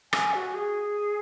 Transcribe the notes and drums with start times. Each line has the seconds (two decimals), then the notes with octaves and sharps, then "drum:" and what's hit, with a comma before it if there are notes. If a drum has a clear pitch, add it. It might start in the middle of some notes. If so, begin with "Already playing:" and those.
0.13 G#5, drum: rim click
0.34 F#4
0.54 G#4